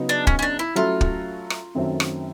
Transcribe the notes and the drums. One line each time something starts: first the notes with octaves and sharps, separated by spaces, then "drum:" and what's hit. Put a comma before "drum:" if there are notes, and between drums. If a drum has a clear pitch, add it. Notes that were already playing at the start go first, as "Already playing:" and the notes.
Already playing: C#3 F#3 B3 D#4
D4
C#4, drum: kick
C#4
D4
E4
F#3 A3 C#4 E4 F4 A4
drum: kick
drum: rim click
F#2 D#3 F#3 A3 C4
drum: rim click